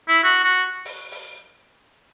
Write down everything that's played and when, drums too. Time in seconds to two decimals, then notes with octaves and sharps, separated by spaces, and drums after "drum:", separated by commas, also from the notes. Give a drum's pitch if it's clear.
0.08 E4
0.23 F#4
0.44 F#4
0.85 drum: open hi-hat
1.12 drum: open hi-hat